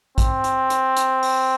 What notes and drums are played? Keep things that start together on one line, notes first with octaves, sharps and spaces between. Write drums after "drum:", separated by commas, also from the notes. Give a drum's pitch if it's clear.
C4, drum: kick A1, hi-hat
drum: hi-hat
drum: hi-hat
drum: hi-hat
drum: open hi-hat